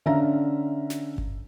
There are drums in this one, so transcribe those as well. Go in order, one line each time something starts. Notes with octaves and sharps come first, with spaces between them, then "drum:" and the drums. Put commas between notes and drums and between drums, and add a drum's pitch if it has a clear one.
D3 C#4 E5 F5 A#5
drum: snare
drum: kick G1